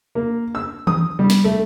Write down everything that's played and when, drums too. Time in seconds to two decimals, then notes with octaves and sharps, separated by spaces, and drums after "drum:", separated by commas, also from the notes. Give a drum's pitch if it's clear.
0.15 A#3
0.55 E6
0.87 D#6, drum: tom D#3
1.19 G3
1.30 drum: snare
1.44 A3